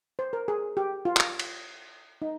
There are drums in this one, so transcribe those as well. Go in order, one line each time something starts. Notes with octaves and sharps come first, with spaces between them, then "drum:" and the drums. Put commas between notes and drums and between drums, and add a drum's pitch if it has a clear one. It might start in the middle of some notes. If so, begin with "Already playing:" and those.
C5
A#4
G#4
G4
F4
drum: clap
drum: cymbal
D#4